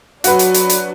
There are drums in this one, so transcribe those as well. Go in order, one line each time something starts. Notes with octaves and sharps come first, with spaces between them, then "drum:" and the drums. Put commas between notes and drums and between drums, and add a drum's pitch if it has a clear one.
F#3 D4 F#4 B4, drum: hi-hat
drum: hi-hat
drum: hi-hat
drum: hi-hat